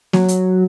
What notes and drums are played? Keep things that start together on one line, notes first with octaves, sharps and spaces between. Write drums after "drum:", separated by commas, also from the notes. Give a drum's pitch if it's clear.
F#3, drum: snare A#3
drum: hi-hat